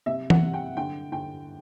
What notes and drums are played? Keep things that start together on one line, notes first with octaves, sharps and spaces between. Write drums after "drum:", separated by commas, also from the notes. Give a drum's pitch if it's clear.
C3 E5
F#5, drum: tom E3
C3
G5
D3 G5
D3 G5